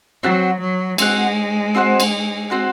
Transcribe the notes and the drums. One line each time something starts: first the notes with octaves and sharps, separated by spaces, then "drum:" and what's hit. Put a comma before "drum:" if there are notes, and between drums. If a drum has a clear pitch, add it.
F#3 C4 F#4 C5 F#5
F#3
G#3 C4 F#4 C5 F#5, drum: cymbal
C4 F#4 C5 F#5
drum: cymbal
C4 F#4 C5 F#5